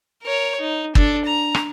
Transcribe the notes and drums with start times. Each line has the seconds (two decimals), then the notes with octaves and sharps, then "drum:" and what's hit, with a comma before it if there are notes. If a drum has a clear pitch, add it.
0.22 A#4 C#5
0.60 D#4
0.95 D4 A4, drum: kick
1.25 A#5
1.55 drum: rim click